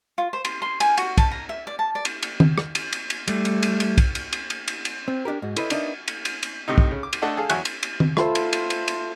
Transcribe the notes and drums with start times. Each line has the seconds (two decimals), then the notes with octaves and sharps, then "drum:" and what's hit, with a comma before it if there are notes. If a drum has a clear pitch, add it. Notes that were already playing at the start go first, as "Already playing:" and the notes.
0.18 F4
0.33 C5
0.45 C6, drum: cymbal
0.62 C6
0.80 G#5, drum: cymbal
0.97 F#4, drum: cymbal
1.18 A5, drum: kick, cymbal
1.31 A#5
1.49 E5
1.67 D5
1.79 A5
1.95 D5
2.05 drum: cymbal
2.23 drum: cymbal
2.40 drum: tom D#3
2.58 drum: rim click
2.75 drum: cymbal
2.93 drum: cymbal
3.10 drum: cymbal
3.28 G3 A3, drum: cymbal
3.45 drum: cymbal
3.63 drum: cymbal
3.80 drum: cymbal
3.98 drum: kick, cymbal
4.15 drum: cymbal
4.33 drum: cymbal
4.50 drum: cymbal
4.68 drum: cymbal
4.85 drum: cymbal
5.08 C4
5.25 D4 D#4 G4 A#4
5.42 G#2 F#4
5.56 E4 A4 B4 C#5 D#5, drum: cymbal
5.70 B3 D4 D#4 A#4 E5, drum: cymbal
6.08 drum: cymbal
6.25 drum: cymbal
6.43 drum: cymbal
6.68 A2 C3 D#4
6.78 drum: kick
6.91 C#3
7.03 D6
7.13 drum: cymbal
7.22 A3 D4 A4 D#5 F#5
7.37 G#4 A4 F5
7.50 E2 F#3 E5 G#5 C#6 F#6, drum: cymbal
7.65 drum: cymbal
7.83 drum: cymbal
8.00 drum: tom D#3
8.17 A3 F4 C5 E6, drum: rim click
8.35 drum: cymbal
8.53 drum: cymbal
8.70 drum: cymbal
8.88 drum: cymbal